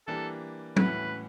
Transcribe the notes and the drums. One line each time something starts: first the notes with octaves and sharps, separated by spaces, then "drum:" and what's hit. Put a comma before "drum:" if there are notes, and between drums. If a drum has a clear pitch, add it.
E3 G3 A#3 D4 G4 A4
A2 E3 A3 C#4 F#4 B4, drum: tom F#3